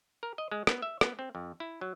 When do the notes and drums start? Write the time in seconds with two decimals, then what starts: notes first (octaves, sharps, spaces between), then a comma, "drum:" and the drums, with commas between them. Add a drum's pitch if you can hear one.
0.23 A#4
0.38 D#5
0.52 G#3
0.67 B3, drum: rim click
0.82 E5
1.01 B3, drum: rim click
1.19 C4
1.35 F2
1.60 E4
1.81 F#3